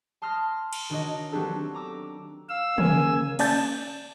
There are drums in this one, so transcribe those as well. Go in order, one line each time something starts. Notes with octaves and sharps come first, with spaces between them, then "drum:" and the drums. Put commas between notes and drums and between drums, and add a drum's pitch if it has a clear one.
A5 C6 D#6 F6 A#6
drum: cymbal
D#3 D4 F#4 C#5 D#5 A#6
F#3 B3 C4 D4 G4 A4
A#5 D6 E6
F5 E6
C#3 A#3 G#5 E6, drum: tom
A#3 C#4 D5 A5 G6 A6, drum: cymbal